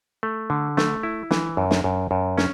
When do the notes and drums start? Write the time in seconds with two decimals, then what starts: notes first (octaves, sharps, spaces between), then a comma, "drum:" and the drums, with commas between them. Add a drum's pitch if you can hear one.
0.23 A3
0.50 D3
0.77 A3, drum: snare
1.03 E4
1.31 E3, drum: snare
1.57 F#2
1.71 drum: snare
1.84 F#2
2.11 F#2
2.38 C#4, drum: snare